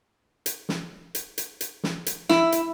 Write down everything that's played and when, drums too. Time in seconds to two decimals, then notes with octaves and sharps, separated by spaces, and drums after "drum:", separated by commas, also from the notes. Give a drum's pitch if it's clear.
0.46 drum: hi-hat
0.69 drum: snare
1.15 drum: hi-hat
1.38 drum: hi-hat
1.61 drum: hi-hat
1.84 drum: snare
2.06 drum: hi-hat
2.29 E4, drum: snare
2.52 drum: hi-hat